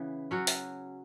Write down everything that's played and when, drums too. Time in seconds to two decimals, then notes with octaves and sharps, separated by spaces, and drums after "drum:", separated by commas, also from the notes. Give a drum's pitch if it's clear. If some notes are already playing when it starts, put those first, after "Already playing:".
Already playing: C#3 E3 B3
0.31 F#3 C#4 F#4
0.47 drum: open hi-hat